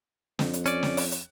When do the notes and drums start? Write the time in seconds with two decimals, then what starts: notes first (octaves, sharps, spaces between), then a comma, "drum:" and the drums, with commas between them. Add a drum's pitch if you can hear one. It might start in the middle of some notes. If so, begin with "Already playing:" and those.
0.39 F2, drum: snare
0.53 drum: hi-hat
0.66 C#4 D5, drum: hi-hat
0.83 drum: snare
0.97 drum: open hi-hat
1.12 drum: hi-hat